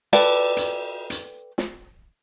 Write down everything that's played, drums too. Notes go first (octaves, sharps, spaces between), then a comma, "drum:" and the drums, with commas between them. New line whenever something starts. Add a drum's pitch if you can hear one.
A4 B4 D5 G5, drum: cymbal
drum: hi-hat
drum: hi-hat
drum: snare